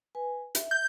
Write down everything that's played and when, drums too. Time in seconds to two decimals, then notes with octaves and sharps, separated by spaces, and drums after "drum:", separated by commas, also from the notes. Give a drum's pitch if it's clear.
0.15 B4 G#5
0.55 E5, drum: hi-hat
0.71 G6